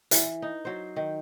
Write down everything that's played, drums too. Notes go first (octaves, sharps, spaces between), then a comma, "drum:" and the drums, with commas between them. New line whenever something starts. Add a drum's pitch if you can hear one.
E3, drum: hi-hat
D#4
F#3 C5
D#3